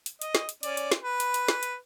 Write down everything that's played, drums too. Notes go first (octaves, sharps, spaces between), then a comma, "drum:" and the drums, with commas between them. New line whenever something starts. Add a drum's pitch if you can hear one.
drum: hi-hat
D#5, drum: hi-hat
drum: snare
drum: hi-hat
C#4 D5, drum: hi-hat
drum: hi-hat
drum: snare
B4
drum: hi-hat
drum: hi-hat
drum: snare
drum: hi-hat